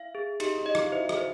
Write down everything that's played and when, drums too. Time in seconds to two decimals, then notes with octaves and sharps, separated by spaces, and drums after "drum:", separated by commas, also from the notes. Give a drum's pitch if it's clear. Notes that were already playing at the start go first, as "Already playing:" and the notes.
Already playing: E4 F5
0.15 G#4
0.40 D#4 G4, drum: cymbal
0.58 D#4
0.66 D#5
0.75 D#4 F4, drum: rim click
0.91 E4 F#4 C5
1.09 F#4 G#4, drum: rim click
1.17 C5